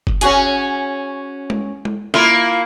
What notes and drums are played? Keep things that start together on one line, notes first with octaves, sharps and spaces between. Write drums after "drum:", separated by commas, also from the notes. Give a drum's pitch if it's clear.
drum: kick F#1
C#4 F#4 G#4, drum: hi-hat
drum: tom G#3
drum: tom G#3
A#3 E4 F4, drum: snare